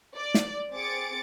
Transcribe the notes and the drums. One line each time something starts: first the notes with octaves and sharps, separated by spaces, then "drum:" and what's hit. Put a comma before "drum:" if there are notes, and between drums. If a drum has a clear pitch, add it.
D5
drum: snare
C4 G#4 D6 A6 C#7 D7